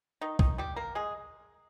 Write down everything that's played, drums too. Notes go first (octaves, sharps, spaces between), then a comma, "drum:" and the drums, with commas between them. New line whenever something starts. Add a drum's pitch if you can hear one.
D#3 D#4
D#3 D#4, drum: kick
G3 G4
A#3 A#4
G#3 G#4